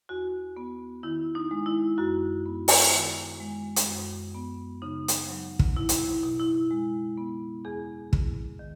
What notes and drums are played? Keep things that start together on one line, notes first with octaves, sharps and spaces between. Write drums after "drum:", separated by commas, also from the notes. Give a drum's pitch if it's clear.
E2 F#4
B3
D#3 E4
D#4
G#3
E4
F#2 F#4
B3
drum: open hi-hat
D#3
G#3
drum: hi-hat
F#2
B3
C#3 D#4
drum: hi-hat
F#3
drum: kick
B2 E4
drum: hi-hat
E4
B2
E4
G#3
B3
E2 G#4
E2, drum: kick
D#3